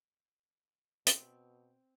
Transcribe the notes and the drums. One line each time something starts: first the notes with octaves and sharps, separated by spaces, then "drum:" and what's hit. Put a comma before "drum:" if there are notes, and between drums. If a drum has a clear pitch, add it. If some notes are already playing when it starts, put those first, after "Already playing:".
B2 C4, drum: hi-hat